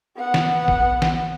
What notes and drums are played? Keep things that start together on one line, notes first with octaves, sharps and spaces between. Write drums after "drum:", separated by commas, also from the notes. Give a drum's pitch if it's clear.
B3 F#5
drum: snare
drum: kick A#1
drum: snare